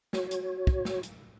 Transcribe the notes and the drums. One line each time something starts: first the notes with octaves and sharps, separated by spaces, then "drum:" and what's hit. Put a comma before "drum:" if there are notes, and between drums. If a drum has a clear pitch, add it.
F#4 C#5, drum: snare
drum: hi-hat
drum: kick
drum: snare
drum: hi-hat